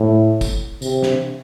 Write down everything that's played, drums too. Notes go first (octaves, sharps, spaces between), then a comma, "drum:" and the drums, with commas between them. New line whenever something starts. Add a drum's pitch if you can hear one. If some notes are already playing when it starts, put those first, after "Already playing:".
Already playing: A2
drum: kick G1, tambourine
C3, drum: tambourine
drum: snare